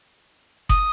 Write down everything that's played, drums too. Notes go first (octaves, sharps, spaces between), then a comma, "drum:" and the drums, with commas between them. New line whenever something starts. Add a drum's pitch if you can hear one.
D#6, drum: kick F#1